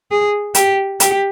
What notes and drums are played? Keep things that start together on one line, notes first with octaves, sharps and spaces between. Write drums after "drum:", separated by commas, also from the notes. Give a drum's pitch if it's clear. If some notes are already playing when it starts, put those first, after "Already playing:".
G#4
G4, drum: hi-hat
G4, drum: hi-hat